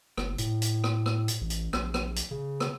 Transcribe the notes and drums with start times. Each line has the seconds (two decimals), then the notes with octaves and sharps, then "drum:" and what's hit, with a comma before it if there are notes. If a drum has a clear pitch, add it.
0.17 F#1, drum: rim click
0.38 A2, drum: hi-hat
0.62 drum: hi-hat
0.84 drum: rim click
1.06 drum: rim click
1.28 drum: hi-hat
1.41 A1
1.50 drum: hi-hat
1.73 A#1, drum: rim click
1.94 drum: rim click
2.16 drum: hi-hat
2.31 C#3
2.60 drum: rim click